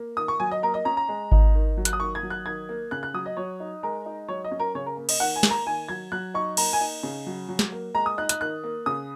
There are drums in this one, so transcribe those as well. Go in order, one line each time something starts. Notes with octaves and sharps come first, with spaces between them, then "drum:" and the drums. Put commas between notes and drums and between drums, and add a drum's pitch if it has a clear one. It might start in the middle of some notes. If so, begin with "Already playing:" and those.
Already playing: A#3
D#3 D#6
C#6
F#3 G#5
D#5
A#3 A#4
D#5
C#4 A#5
A#5
G#3
D#4, drum: kick G#1
D#3
F#3
F#6, drum: hi-hat
D#6
D#3 C#6
G#6
F#3
F#6
D#3 G#6
A#3
C#3 F#6
F#6
F#3 D#6
D#5
F#3 C#5
D#4
G#3 A#4
D#4
F#3 C#5
D#5
C#4
A#4
C#3 C#5
A#4
A#3
D#5, drum: cymbal
D#3 F#5
G#5
A#3, drum: snare
A#5
D#3 G#5
F#3 G#6
F#3 F#6
D#4 C#6
A#3 A#5, drum: cymbal
G#5
D#4
C#3
F#3
F#3
drum: snare
A#3
G#3 A#5
D#6
D#4 F#6
F#6, drum: hi-hat
D#3 F#6
A#3
C#3 D#6